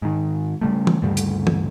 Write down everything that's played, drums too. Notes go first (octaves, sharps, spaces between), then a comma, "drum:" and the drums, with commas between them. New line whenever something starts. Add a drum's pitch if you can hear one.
G#2 D#3
C#3 G3 A3
drum: tom
D2 G2 C#3 G3
drum: hi-hat
drum: tom